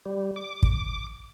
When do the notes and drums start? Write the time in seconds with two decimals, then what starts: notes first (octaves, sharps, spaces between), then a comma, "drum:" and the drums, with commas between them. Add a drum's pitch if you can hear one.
0.06 G3
0.36 D6
0.63 drum: kick